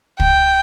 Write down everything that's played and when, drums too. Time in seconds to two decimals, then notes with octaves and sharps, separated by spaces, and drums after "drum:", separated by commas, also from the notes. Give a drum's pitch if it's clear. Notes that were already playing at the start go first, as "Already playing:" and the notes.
0.20 G5, drum: kick